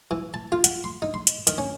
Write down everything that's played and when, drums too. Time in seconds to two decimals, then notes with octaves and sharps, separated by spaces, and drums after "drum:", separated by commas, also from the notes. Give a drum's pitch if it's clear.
0.11 E3
0.34 A5
0.52 F4
0.64 F#5, drum: hi-hat
0.84 C6
1.02 D#4
1.14 C6
1.27 drum: hi-hat
1.47 D#3, drum: hi-hat
1.58 C#4